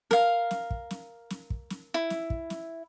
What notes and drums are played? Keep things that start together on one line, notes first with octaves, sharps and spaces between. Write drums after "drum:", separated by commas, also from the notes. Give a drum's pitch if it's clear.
A#4 F5, drum: snare
drum: snare
drum: kick
drum: snare
drum: snare
drum: kick
drum: snare
E4
drum: snare
drum: kick
drum: snare